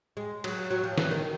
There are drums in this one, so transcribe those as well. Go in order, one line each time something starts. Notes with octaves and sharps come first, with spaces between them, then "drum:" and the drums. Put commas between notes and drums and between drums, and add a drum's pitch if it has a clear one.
G#3
F#3, drum: cymbal
F#3
F3
E3, drum: snare
D#3